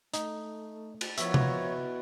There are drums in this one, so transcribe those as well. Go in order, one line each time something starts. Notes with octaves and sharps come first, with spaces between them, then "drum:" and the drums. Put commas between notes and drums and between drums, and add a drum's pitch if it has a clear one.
A3 D#4, drum: hi-hat
drum: cymbal
B2 F3 E4 A#4 C#5 E5 C#6, drum: hi-hat
drum: tom